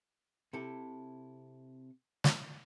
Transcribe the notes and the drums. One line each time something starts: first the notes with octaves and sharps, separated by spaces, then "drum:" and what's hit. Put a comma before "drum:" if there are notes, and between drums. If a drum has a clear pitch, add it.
C3 E4 A4
drum: snare